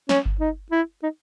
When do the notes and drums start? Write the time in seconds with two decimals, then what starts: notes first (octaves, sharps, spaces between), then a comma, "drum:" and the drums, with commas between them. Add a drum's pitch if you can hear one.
0.09 C#4, drum: snare
0.26 drum: kick G1
0.40 D#4
0.72 E4
1.03 D#4